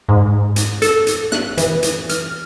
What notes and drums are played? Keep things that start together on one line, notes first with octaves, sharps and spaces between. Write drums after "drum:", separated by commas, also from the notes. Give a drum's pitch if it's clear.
G#2
drum: hi-hat
A4, drum: hi-hat
drum: hi-hat
F#6, drum: snare
E3, drum: hi-hat
drum: hi-hat
F6, drum: hi-hat